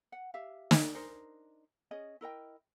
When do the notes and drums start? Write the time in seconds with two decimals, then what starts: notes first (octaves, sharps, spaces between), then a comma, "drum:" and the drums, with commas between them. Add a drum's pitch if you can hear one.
0.12 F#5
0.34 G4 E5 F5
0.71 drum: snare
0.95 D4 D#4 A#4 C5
1.91 C#4 G#4 D#5
2.21 E4 A#4 D#5 G5